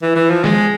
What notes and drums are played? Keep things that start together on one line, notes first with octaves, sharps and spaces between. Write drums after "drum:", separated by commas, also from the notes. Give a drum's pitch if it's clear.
E3
E3
F3
G#3, drum: snare